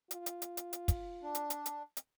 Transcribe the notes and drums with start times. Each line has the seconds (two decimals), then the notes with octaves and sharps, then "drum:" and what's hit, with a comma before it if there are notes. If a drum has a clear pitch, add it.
0.11 F4, drum: hi-hat
0.26 drum: hi-hat
0.42 drum: hi-hat
0.57 drum: hi-hat
0.73 drum: hi-hat
0.88 drum: kick, hi-hat
1.23 D4
1.35 drum: hi-hat
1.50 drum: hi-hat
1.66 drum: hi-hat
1.97 drum: hi-hat